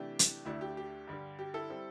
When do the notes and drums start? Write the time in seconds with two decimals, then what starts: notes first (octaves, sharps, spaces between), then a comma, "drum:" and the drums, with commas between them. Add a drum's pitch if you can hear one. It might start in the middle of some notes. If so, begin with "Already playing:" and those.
Already playing: C3 E3 A3 D4 G4
0.19 drum: hi-hat
0.45 D2 D3 A3 D4 E4
0.61 G4
0.77 G4
1.08 G2 D3 G3
1.39 G4
1.54 E4 A4
1.70 G3 C4